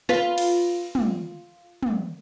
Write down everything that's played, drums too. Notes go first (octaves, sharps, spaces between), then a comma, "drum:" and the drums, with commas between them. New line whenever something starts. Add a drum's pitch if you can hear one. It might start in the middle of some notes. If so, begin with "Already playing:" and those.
F4 B4
drum: cymbal
drum: tom
drum: tom